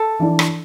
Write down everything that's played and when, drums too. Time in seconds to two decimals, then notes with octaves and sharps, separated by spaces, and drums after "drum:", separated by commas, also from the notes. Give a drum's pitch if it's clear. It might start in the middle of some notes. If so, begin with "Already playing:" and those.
Already playing: A4
0.19 E3 D4
0.39 drum: rim click